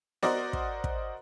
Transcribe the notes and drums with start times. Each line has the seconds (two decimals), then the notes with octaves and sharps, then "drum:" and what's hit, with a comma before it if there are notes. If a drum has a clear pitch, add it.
0.23 F#4 A#4 C5 D5 D#5 F#5, drum: snare B3
0.53 drum: kick
0.84 drum: kick